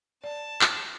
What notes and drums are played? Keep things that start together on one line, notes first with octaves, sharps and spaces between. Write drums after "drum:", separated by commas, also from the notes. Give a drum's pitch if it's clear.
D5 A5
drum: clap